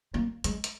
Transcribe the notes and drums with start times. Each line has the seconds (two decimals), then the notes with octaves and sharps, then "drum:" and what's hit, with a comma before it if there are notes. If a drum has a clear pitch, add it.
0.14 A#3
0.44 G#3, drum: hi-hat
0.64 drum: hi-hat